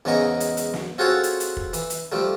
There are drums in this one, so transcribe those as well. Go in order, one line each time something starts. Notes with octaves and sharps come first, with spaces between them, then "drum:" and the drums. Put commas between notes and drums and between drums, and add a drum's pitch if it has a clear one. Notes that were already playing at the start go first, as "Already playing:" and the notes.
E2 G#2 C#3 G#3 D#5 C#6
drum: hi-hat
drum: hi-hat
drum: snare
C4 F4 F#4 G#4 A4 C#5
drum: hi-hat
drum: hi-hat
drum: kick
E3, drum: hi-hat
drum: hi-hat
F3 G3 A3